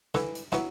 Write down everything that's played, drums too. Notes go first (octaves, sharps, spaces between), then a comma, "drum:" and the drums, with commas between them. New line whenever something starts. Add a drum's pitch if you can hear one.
D3 E3, drum: snare
drum: hi-hat
F#3 B3 E4, drum: snare